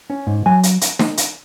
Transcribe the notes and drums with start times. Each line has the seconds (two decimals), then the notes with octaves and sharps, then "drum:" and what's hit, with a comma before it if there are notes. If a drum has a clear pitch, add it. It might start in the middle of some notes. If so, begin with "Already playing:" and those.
0.10 C#4
0.27 G#2
0.46 F#3 G#5
0.63 drum: hi-hat
0.81 drum: hi-hat
0.99 drum: snare
1.17 drum: hi-hat